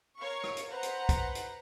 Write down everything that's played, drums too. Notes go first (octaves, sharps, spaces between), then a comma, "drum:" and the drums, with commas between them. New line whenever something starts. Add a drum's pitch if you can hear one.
A#4 C#5 F5 C#6
drum: rim click
drum: hi-hat
B4 C5 F#5 A#5
drum: hi-hat
drum: kick, hi-hat
drum: hi-hat